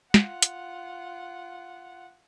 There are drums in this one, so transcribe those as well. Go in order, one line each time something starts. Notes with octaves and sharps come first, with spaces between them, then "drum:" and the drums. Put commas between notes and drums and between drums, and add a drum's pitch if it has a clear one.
F4 F#5, drum: snare
drum: hi-hat